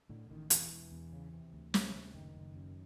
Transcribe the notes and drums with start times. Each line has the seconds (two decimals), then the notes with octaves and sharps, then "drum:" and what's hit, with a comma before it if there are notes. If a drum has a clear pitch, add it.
0.09 A2 D3
0.30 A1 D#3
0.50 E1 E3, drum: hi-hat
0.71 E1
0.92 E2
1.13 C#3
1.33 C3
1.53 D2
1.74 C3, drum: snare
1.93 D2
2.14 F#1 D#3
2.35 F#1
2.56 F#2